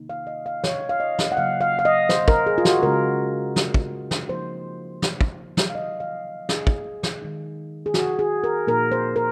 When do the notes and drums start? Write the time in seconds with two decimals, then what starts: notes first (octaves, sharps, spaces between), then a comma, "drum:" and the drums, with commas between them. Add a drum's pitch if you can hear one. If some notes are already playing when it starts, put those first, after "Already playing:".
Already playing: C3 D#3 A#3 D#4
0.10 F5
0.27 D#5
0.46 F5
0.64 C#5, drum: snare
0.89 F5
1.00 D#5
1.19 drum: snare
1.32 F#5
1.37 C#3 F#3 A#3 F5
1.61 F5
1.79 F5
1.85 D#5
2.09 C5, drum: snare
2.28 A#4, drum: kick
2.46 G#4
2.58 F4
2.65 F#4, drum: snare
2.83 C#3 G#3 C#4 A#4
3.56 drum: snare
3.74 drum: kick
4.11 drum: snare
4.29 F3 A#3 D#4 C5
5.02 drum: snare
5.21 drum: kick
5.57 drum: snare
5.70 F5
5.75 C3 D#3 F#3 D#5
6.00 F5
6.49 G#4, drum: snare
6.67 drum: kick
7.03 drum: snare
7.22 D#3 G#3 D#4
7.86 G#4
7.94 F#4, drum: snare
8.19 G#4
8.44 A#4
8.67 A#2 F3 A#3 D#4 A#4
8.92 C5
9.16 A#4